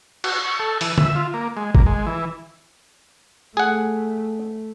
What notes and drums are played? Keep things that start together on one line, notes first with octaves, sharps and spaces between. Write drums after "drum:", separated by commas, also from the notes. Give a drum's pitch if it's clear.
F#4, drum: cymbal
C#6
A4
E3, drum: open hi-hat
E5, drum: tom
F4
A#3
G#3
A#3, drum: kick G1
G#3
E3
A3 G#4 F#5